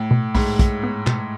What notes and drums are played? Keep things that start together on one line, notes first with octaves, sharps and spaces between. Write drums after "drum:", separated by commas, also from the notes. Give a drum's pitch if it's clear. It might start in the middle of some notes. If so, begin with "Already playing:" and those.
Already playing: A2
B2
B1 G#2, drum: open hi-hat
B1, drum: kick, hi-hat
B3
B2, drum: clap